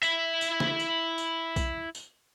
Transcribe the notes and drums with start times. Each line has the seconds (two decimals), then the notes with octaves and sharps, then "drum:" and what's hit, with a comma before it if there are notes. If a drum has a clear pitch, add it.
0.03 E4 E5, drum: tambourine
0.41 drum: tambourine
0.60 drum: snare
0.79 drum: tambourine
1.18 drum: tambourine
1.56 drum: kick B1, tambourine
1.95 drum: tambourine